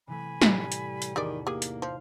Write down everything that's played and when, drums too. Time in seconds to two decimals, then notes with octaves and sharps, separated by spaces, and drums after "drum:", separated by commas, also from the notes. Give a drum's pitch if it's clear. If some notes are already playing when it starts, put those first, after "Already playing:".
0.07 C3 E3 A3 G#5 B5
0.42 A2 G3, drum: snare
0.72 drum: hi-hat
1.02 drum: hi-hat
1.16 E2 D#3 D#4 G4 G#4 D5
1.47 A#3 G4 G#4
1.62 drum: hi-hat
1.82 F3 F5